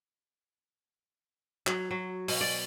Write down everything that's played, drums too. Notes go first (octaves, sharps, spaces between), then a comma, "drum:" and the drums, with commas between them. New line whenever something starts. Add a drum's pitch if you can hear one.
F#3, drum: clap
F#3
B2, drum: open hi-hat
D5